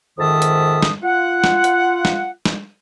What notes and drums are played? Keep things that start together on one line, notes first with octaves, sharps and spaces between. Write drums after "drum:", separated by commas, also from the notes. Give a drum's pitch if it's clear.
F2 G#2 D#3 E5 A5 D#6
drum: hi-hat
drum: snare
F4 F#5
drum: snare
drum: hi-hat
drum: snare
drum: snare